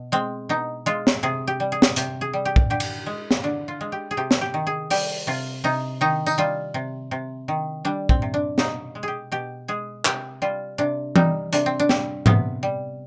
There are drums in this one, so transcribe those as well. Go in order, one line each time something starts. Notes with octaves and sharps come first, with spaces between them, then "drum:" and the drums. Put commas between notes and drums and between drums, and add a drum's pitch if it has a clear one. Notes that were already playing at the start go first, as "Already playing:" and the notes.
Already playing: B2
G#3 C4
B2 D#4
G#3 F4
drum: snare
C3 G#4
G4
G3
G#4
drum: snare
C3 G4, drum: hi-hat
G#4
G3
G4
drum: kick
D3 G4
drum: cymbal
G#3
drum: snare
D3 D4
F4
G#3
G4
G#4
C3 G4
drum: snare
G4
D#3
G#4
G3 G4, drum: open hi-hat
C3 F4
C3 D#4
D#3 D#4
D#4, drum: tambourine
G3 F4
C3
C3
D#3
G3 D4
C4, drum: kick
C3
D4
B2 D#4, drum: snare
G#3
G4 G#4
B2 G4
G#3 G#4
C3 G4, drum: clap
G3 F4
C3 D4
G3 D#4, drum: tom E3
C3 D4, drum: hi-hat
C4
D4
G3, drum: snare
C3 B3, drum: tom G#2
G3